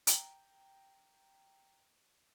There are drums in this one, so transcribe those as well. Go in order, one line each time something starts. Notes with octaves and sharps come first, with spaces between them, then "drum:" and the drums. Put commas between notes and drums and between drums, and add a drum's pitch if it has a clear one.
G5 A#5, drum: hi-hat